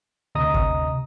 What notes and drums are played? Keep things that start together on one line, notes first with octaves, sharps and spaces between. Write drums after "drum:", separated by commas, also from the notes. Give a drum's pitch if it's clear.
D2 C3 D#5 A#5 D#6
drum: kick G1